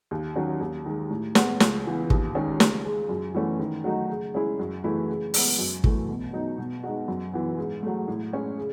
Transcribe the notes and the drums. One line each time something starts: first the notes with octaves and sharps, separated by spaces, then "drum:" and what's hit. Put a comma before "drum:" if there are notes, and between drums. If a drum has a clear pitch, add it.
D#2
D#3 F#3 C#4
D#2
D#3 G#3
A2
G#3 B3, drum: snare
C#2, drum: snare
C#3 E3 B3
D#2, drum: kick
D#3 G#3 C#4 G#4
C#2, drum: snare
C#3 G#3
F#2
E3 A3 C#4 F#4
D#3
F#3 A3 D#4 F#4
C#3
G#3 C#4 E4 G#4
F#2
C#3 E3 A3 E4
C#3
G#3 B3, drum: open hi-hat
F#2
E3 A3, drum: kick
B2
F#3 B3 D#4
B2
G#3 D#4 F#4
F#2
E3 B3
G#2
F#3 A3
A2
G#3 C#4
C#3